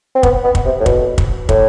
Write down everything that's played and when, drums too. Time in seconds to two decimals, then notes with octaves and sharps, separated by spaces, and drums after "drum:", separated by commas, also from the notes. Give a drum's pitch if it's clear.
0.15 C4
0.23 B3, drum: kick
0.45 B3
0.55 drum: kick
0.65 C3
0.80 A2
0.86 B2, drum: kick
1.18 drum: kick
1.49 A2, drum: kick